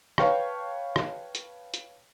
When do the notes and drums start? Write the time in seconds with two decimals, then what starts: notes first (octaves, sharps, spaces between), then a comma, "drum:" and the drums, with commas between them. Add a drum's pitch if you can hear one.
0.18 B4 C#5 F5 G5 A5 C#6, drum: rim click
0.96 drum: rim click
1.35 drum: hi-hat
1.74 drum: hi-hat